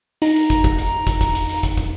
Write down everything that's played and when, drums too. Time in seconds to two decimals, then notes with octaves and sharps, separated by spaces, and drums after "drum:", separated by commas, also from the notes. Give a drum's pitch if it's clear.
0.22 D#4 A#5, drum: hi-hat
0.36 drum: hi-hat
0.50 drum: kick, hi-hat
0.64 drum: kick, hi-hat
0.78 drum: hi-hat
1.07 drum: kick, hi-hat
1.21 drum: kick, hi-hat
1.35 drum: hi-hat
1.49 drum: hi-hat
1.63 drum: kick, hi-hat
1.77 drum: kick, hi-hat